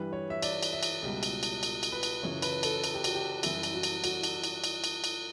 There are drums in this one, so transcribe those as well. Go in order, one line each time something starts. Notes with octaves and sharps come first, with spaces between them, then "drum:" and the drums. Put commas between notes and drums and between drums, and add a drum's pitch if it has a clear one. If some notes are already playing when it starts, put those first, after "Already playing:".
Already playing: G2 E3 G3 B4
C#5
E5
D5, drum: cymbal
drum: cymbal
E5
drum: cymbal
C#2 B2 G3
drum: cymbal
drum: cymbal
drum: cymbal
drum: cymbal
B4
drum: cymbal
F#2 C#3 E3 C#5
B4, drum: cymbal
A4, drum: cymbal
A4, drum: cymbal
G4
F#4, drum: cymbal
G4
F#2 E3 G3 E4, drum: cymbal
drum: cymbal
F#4
drum: cymbal
F#4, drum: cymbal
drum: cymbal
drum: cymbal
drum: cymbal
drum: cymbal
drum: cymbal